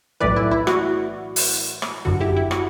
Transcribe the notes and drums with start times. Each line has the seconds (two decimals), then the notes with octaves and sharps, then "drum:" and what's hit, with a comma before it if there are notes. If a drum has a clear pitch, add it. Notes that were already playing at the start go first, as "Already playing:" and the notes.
0.20 B1 A2 E3 B4 D5
0.36 E4
0.51 E4
0.67 F#4, drum: rim click
1.36 drum: open hi-hat
1.82 drum: rim click
2.05 G1 F#2 D3 F#4
2.20 E4 G4
2.36 E4
2.51 F#4, drum: rim click